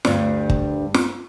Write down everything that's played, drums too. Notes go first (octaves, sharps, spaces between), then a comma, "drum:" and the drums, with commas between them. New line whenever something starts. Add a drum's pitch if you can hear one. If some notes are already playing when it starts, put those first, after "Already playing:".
D2 G2, drum: snare
drum: kick
drum: snare